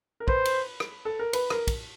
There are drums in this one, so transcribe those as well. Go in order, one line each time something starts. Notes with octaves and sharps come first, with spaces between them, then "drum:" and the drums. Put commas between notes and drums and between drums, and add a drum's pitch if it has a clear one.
A#4
B4 C5, drum: kick
drum: cymbal
drum: rim click
A4
A#4
B4, drum: cymbal
A#4, drum: rim click
drum: kick, cymbal